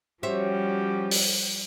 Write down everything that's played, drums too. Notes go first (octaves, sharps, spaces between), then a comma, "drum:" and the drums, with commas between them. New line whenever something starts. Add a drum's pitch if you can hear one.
F3 G3 C#4 F#4 G4 C5 C#5 E5
drum: open hi-hat